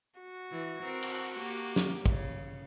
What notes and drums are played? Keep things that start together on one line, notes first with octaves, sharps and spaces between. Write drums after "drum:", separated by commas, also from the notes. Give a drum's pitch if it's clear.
F#4
E3
C4 A#4
drum: cymbal
A#3 G4
drum: snare
C#3, drum: kick